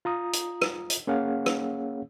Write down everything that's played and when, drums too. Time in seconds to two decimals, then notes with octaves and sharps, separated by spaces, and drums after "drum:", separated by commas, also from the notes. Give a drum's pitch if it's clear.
0.05 F4 A#5 D#6
0.33 drum: hi-hat
0.62 drum: rim click
0.90 drum: hi-hat
1.07 A#3 C#4 G#4 C#5 F5 F#5
1.46 drum: rim click